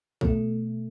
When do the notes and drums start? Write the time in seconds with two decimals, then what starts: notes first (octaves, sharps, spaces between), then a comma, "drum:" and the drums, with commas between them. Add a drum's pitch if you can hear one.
0.21 B2 A3, drum: kick A#1